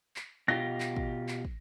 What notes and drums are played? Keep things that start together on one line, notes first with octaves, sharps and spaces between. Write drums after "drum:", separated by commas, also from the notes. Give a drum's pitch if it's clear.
drum: clap
B2 F4 G4 A#6
drum: clap
drum: kick
drum: clap
drum: kick